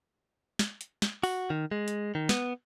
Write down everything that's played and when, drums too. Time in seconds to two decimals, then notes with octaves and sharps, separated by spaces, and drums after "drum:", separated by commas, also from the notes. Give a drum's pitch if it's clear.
0.59 drum: snare
0.81 drum: hi-hat
1.02 drum: snare
1.23 F#4, drum: open hi-hat
1.50 D#3
1.71 G#3
1.88 drum: hi-hat
2.15 D#3
2.29 B3, drum: snare